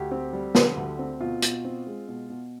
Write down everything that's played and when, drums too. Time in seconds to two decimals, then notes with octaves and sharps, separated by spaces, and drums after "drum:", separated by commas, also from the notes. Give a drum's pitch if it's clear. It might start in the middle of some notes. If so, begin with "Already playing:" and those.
Already playing: D2 G4
0.11 C4
0.33 G3
0.55 D3, drum: snare
0.77 D2
0.99 C4
1.20 B2 F4
1.42 B2, drum: hi-hat
1.65 C4
1.87 G#3
2.08 B2
2.30 B2